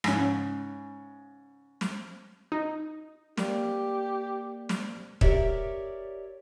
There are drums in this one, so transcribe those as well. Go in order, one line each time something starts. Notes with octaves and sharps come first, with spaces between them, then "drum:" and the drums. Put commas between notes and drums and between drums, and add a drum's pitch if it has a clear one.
G#2 C#3, drum: rim click
drum: snare
D#4
A#3 G4 D5, drum: snare
drum: snare
G4 A#4 C#5 D5 E5, drum: kick